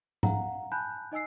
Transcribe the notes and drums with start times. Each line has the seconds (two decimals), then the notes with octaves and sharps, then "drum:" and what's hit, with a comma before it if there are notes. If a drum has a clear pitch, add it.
0.23 F5 F#5 A#5, drum: tom G#2
0.72 G#5 A5 B5 F#6 G6
1.12 D#4 D#5 G#5 E6 C7